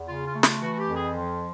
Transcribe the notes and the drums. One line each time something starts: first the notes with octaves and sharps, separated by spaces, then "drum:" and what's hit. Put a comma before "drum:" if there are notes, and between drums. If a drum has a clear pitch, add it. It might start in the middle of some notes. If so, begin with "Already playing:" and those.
Already playing: E2
C#3 F4
F4
A3
F4, drum: snare
E3 F#4
F#4
G4
F2
G#4
F3